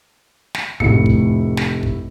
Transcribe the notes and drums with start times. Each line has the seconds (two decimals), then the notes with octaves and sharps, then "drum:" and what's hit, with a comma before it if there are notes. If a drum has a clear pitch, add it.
0.54 drum: snare
0.80 F1 A2 C#7, drum: kick
1.06 drum: kick
1.57 drum: snare
1.83 drum: kick